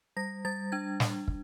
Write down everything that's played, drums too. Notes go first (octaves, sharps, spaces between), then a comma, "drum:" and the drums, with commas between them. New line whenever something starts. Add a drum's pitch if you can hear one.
G3 A#6
G3 A6
D4 G#6
drum: snare
drum: kick